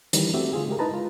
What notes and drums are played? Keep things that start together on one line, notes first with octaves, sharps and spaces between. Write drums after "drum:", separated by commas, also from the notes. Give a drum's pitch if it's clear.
D#3 E3 G3, drum: hi-hat
A3 C4 F#4 G4 E5
D3 F4 G#4
C#3 G#3 G4 G#4 A#4
D#4 E4 B4 A5 A#5
G#3 F4